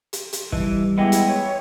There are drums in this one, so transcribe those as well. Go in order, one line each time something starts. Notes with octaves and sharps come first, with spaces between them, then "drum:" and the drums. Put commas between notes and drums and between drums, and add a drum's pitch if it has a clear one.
drum: hi-hat
drum: hi-hat
E3 G3 D#5 A5, drum: kick
G#3 B3 E4 D#5 G5 D6
drum: hi-hat
C#5